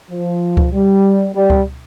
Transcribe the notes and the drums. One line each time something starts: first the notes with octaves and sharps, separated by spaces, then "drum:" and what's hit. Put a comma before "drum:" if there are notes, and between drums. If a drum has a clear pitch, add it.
F3
drum: kick C#2
G3
G3
drum: kick C#2